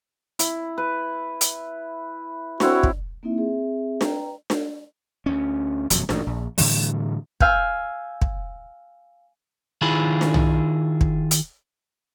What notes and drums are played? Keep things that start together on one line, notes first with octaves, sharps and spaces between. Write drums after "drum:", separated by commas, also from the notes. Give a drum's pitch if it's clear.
E4, drum: hi-hat
B4
drum: hi-hat
C4 E4 F#4 C#5, drum: snare D4
drum: kick
A#3 C4 D#4 E4 E5
C4 G#4 E5
B4 G5 A#5, drum: snare D4
drum: snare D4
D2 C#4
D#1 F2 B2 F#3, drum: hi-hat
A1 G2 A#2, drum: snare D4
A#1
A2 D3 E3 G3, drum: open hi-hat
F5 G#5 E6 F6 G6, drum: kick
drum: kick
D#3 E4 F4 G#4 B5
drum: snare D4
drum: tom
drum: kick
drum: hi-hat